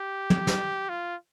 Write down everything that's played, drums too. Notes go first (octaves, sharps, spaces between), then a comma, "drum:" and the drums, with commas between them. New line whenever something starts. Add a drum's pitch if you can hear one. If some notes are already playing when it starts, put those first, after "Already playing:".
Already playing: G4
drum: tom
drum: snare
F4